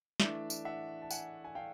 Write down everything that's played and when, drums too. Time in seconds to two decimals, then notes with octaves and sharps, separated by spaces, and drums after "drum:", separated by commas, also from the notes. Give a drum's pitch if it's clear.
0.20 E3 A3 D4 D5 E5, drum: snare
0.50 drum: tambourine
0.65 E5 F#5
1.02 A5
1.11 F#5 G#5, drum: tambourine
1.44 G#5
1.55 F5 G5